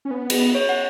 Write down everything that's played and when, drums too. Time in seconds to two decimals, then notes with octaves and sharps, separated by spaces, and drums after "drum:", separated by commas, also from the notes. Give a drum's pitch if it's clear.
0.05 C#4
0.11 B3
0.30 drum: cymbal
0.55 C#5
0.69 F#5